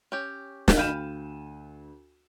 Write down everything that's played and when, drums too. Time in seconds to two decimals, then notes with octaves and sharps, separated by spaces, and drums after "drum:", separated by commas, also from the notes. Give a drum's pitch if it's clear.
0.12 C#4 G4
0.68 drum: snare
0.77 D2 F5 G5 B5 D#7 E7